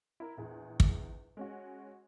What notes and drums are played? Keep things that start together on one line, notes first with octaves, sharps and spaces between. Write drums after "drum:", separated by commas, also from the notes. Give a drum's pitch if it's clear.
E4 A#4
A#1 E2 G#4
drum: kick
G#3 C#4 F#4